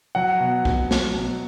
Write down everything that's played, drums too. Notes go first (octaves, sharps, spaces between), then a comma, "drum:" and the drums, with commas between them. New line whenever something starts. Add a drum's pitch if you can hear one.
F#3 F#5
B2
B2, drum: kick
F#3, drum: snare
B2